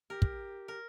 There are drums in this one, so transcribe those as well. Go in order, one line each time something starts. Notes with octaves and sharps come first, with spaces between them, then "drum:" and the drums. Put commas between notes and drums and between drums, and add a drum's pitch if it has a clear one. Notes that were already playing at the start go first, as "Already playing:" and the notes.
G4 A#4
drum: kick
A#4